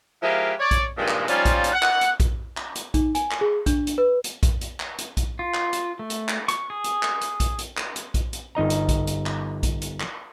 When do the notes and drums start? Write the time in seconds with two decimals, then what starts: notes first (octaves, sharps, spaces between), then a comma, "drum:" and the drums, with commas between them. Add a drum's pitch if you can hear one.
0.22 F3 G#3 E4 G4 A#4 F5
0.59 C#5 D5
0.71 drum: kick A#1, hi-hat
0.96 G2 A#2 D#3 F3 G#3
1.08 drum: clap
1.28 F3 G3 C#4 D#4 F4, drum: hi-hat
1.45 drum: kick A#1, hi-hat
1.64 drum: hi-hat
1.73 F#5
1.83 drum: clap
2.01 drum: hi-hat
2.20 drum: kick A#1, hi-hat
2.57 drum: clap
2.75 drum: hi-hat
2.94 D#4, drum: kick A#1, hi-hat
3.15 G#5, drum: hi-hat
3.31 drum: clap
3.41 G#4
3.66 D4, drum: kick A#1, hi-hat
3.87 drum: hi-hat
3.98 B4
4.24 drum: hi-hat
4.43 drum: kick A#1, hi-hat
4.61 drum: hi-hat
4.80 drum: clap
4.98 drum: hi-hat
5.17 drum: kick A#1, hi-hat
5.39 F4
5.54 drum: clap
5.73 drum: hi-hat
5.99 A3
6.10 drum: hi-hat
6.28 drum: clap
6.48 C#6, drum: hi-hat
6.70 G#4
6.84 drum: hi-hat
7.03 drum: clap
7.21 drum: hi-hat
7.40 drum: kick A#1, hi-hat
7.59 drum: hi-hat
7.77 drum: clap
7.96 drum: hi-hat
8.14 drum: kick A#1, hi-hat
8.33 drum: hi-hat
8.55 G1 D#4 D#5 A#5
8.70 drum: hi-hat
8.89 drum: kick A#1, hi-hat
9.07 drum: hi-hat
9.26 drum: clap
9.63 drum: kick A#1, hi-hat
9.82 drum: hi-hat
10.00 drum: clap